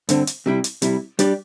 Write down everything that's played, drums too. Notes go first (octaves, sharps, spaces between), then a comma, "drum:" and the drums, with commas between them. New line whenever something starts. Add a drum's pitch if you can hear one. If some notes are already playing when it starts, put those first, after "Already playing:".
G2 D3 C4, drum: hi-hat
drum: hi-hat
C3 G3 E4
drum: hi-hat
C3 G3 E4, drum: hi-hat
G3 D4 G4 D5, drum: hi-hat